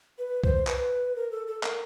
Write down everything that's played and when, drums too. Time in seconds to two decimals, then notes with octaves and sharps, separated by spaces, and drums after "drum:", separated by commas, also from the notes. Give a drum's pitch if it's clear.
0.18 B4
0.44 C5, drum: kick C2
0.67 B4, drum: clap
1.16 A#4
1.31 A4
1.47 A4
1.63 A#4, drum: clap